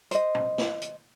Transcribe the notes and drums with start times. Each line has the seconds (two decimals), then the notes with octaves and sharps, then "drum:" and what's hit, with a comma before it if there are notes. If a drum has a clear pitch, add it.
0.11 C5 D#5, drum: hi-hat
0.35 drum: tom A2
0.58 drum: snare
0.82 drum: hi-hat